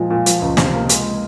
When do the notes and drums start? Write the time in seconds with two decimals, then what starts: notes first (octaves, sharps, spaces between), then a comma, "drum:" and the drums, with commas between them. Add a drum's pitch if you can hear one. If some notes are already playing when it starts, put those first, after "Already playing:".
Already playing: A#2 F3 G#3
0.10 A#2
0.26 F3, drum: hi-hat
0.42 C#2
0.57 C3, drum: snare
0.74 A#3
0.89 G#3, drum: hi-hat